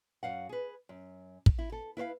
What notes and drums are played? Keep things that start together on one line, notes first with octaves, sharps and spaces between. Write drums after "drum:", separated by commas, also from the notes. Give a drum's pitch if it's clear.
F#2 F5 F#5
G#4 B4
F#2
drum: kick
E4
A4
E4 B4 C5 F5